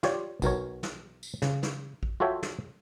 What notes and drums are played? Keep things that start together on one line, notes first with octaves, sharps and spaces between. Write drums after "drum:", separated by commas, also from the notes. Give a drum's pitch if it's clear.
F4 G4 C#5 D5, drum: snare
B1 B2 A#4 C#5, drum: kick A1, tambourine
drum: snare
drum: tambourine
C#3, drum: snare
drum: snare
drum: kick A1
F4 F#4 A4 C#5 E5 G5
drum: snare